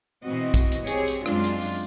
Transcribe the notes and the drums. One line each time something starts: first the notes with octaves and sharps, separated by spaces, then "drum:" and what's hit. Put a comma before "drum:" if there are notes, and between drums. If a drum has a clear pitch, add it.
B2 E3 C4 F#4 D#5
drum: kick, hi-hat
drum: hi-hat
C4 G4 G#4 C#5, drum: hi-hat
drum: hi-hat
F#2 G#3 C4 D4 F4, drum: rim click
drum: hi-hat
drum: open hi-hat